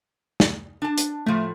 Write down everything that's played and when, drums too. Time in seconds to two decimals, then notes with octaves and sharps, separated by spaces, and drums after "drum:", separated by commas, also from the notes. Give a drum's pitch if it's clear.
0.40 drum: snare
0.82 D4 A5
0.98 drum: hi-hat
1.26 A2 F3 A3